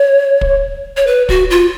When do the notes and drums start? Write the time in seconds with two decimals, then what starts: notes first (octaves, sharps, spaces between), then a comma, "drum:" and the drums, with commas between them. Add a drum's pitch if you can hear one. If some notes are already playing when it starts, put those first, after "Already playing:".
Already playing: C#5
0.41 drum: kick
0.97 C#5
1.07 B4
1.29 F#4, drum: kick
1.50 F4